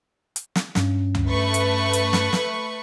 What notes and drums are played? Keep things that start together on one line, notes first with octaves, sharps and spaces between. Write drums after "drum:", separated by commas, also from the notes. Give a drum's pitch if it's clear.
drum: hi-hat
drum: snare
G2 C#4, drum: snare
drum: tom
A3 B4 C#6
drum: hi-hat
drum: hi-hat
drum: snare
drum: snare